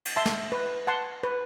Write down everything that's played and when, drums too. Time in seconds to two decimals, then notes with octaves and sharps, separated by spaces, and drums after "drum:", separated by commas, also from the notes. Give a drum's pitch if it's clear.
0.05 drum: cymbal
0.16 E5 A5 C6
0.25 drum: snare
0.52 B4
0.87 F#5 A5 C6
1.23 B4